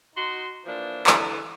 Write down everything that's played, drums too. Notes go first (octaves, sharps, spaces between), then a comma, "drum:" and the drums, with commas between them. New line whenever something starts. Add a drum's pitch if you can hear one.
D#4 F#4 C6
E3 F3 A#3 D4
D3 E3, drum: clap